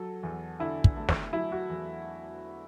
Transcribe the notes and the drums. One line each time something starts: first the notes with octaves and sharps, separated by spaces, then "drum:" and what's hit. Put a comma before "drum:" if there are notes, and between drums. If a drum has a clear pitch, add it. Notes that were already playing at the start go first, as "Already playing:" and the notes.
Already playing: F#3 A4
E2
D3 E4
drum: kick
A3
drum: snare
F#3 E4
F#4
E2